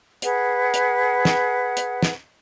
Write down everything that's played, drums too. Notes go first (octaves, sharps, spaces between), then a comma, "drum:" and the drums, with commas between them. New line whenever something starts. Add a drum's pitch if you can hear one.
G#4 B4 F#5, drum: hi-hat
drum: hi-hat
drum: snare
drum: hi-hat
drum: snare